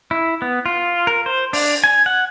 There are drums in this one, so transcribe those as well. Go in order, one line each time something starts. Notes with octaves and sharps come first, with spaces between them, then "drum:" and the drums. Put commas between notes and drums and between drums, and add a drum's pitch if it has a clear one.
E4
B3
F4
A#4
C5
D4, drum: open hi-hat
G#5
F#5